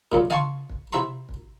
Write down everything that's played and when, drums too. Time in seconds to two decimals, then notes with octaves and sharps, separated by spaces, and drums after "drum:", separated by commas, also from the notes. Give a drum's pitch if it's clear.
0.12 C#2 F#2 A#2, drum: kick
0.30 D#5 F5 G#5 A5 C6 C#6, drum: tom C#3
0.70 drum: kick
0.93 C3 E4 E5 A#5 C6
1.29 drum: kick